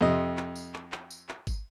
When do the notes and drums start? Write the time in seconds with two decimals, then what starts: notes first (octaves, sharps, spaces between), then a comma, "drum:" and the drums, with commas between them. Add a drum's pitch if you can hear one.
0.01 F2 C3 D#5
0.37 drum: clap
0.56 drum: tambourine
0.74 drum: clap
0.92 drum: clap
1.10 drum: tambourine
1.29 drum: clap
1.47 drum: kick, tambourine